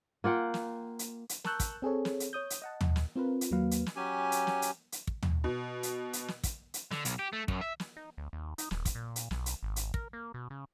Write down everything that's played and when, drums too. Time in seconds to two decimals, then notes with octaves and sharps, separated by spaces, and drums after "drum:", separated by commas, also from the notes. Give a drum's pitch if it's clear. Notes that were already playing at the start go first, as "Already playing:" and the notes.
0.24 A#3 F4 F#5 G5
0.54 drum: snare
0.99 drum: hi-hat
1.29 drum: hi-hat
1.44 A#4 A5 C#6 E6 F#6 G6, drum: snare
1.60 drum: kick, hi-hat
1.82 C4 G#4 A4 C#5
2.05 drum: snare
2.20 drum: hi-hat
2.33 C#5 D#6 G6
2.50 drum: hi-hat
2.62 D#5 F#5 A5
2.81 drum: tom
2.96 drum: snare
3.16 C4 F4 A#4 B4
3.41 drum: hi-hat
3.51 D#2 F#3 A#3 B4 F5
3.71 drum: hi-hat
3.86 drum: snare
3.96 F#3 C#4 G4 G#5
4.32 drum: hi-hat
4.47 drum: snare
4.62 drum: hi-hat
4.92 drum: hi-hat
5.07 drum: kick
5.23 drum: tom
5.44 B2
5.83 drum: hi-hat
6.13 drum: hi-hat
6.28 drum: snare
6.44 drum: kick, hi-hat
6.74 drum: hi-hat
6.91 D3, drum: snare
7.05 B1, drum: hi-hat
7.19 G4
7.33 A3
7.48 F#2, drum: kick
7.61 E5
7.80 drum: snare
7.97 D#4
8.17 D2
8.33 D#2
8.58 D#4, drum: hi-hat
8.71 D#1, drum: snare
8.85 drum: kick, hi-hat
8.95 A#2
9.16 drum: hi-hat
9.31 B1, drum: snare
9.46 drum: hi-hat
9.63 G#1
9.76 drum: hi-hat
9.94 A#4, drum: kick
10.13 A#3
10.34 B2
10.50 C#3